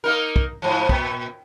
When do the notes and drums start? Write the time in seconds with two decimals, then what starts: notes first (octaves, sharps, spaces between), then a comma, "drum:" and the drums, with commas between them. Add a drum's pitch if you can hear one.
0.04 A#3 D#4 A#4
0.36 drum: kick
0.62 G#2 F3
0.89 A#2, drum: kick